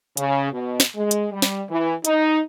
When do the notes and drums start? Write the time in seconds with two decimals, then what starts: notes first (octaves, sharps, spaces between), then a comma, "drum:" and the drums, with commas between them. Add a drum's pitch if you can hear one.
0.17 C#3, drum: hi-hat
0.52 B2
0.80 drum: snare
0.95 G#3
1.11 drum: hi-hat
1.32 G3
1.42 drum: snare
1.69 E3
2.05 D#4, drum: hi-hat